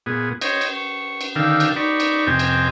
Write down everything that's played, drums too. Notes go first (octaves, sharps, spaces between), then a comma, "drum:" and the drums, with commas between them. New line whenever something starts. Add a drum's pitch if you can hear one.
A#2 B3 G#4
C5 C#5 D#5, drum: cymbal
drum: cymbal
C#6
drum: cymbal
D3 D#3 F5 G5 E6
drum: cymbal
D#4 D5 B5 C#6
drum: cymbal
F2 C3 C4 D#5 G5 G#5
drum: cymbal